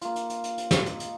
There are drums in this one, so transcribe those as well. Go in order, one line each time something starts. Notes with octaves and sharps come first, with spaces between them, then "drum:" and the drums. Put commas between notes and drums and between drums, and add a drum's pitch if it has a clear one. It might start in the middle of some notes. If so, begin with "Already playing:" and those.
A#3 F4, drum: hi-hat
drum: hi-hat
drum: hi-hat
drum: hi-hat
drum: hi-hat
D#5, drum: snare
drum: hi-hat
drum: hi-hat